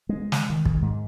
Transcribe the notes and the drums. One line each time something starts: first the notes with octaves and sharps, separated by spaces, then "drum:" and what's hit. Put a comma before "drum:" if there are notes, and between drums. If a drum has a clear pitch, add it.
G#3
drum: snare
D#3
drum: kick
G#2